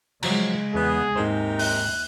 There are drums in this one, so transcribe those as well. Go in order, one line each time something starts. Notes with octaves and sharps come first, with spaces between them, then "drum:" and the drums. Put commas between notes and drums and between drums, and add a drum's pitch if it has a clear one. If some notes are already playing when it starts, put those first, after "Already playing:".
C#3 F3 F#3 G#3 A#5, drum: cymbal
E2 B3 G#4
D#2 G#2 C3 D#4 A#4 C5
F#6, drum: open hi-hat